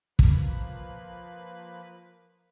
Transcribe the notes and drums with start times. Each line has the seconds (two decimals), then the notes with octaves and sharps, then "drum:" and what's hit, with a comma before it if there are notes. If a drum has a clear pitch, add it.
0.19 F3 A#3 B4, drum: kick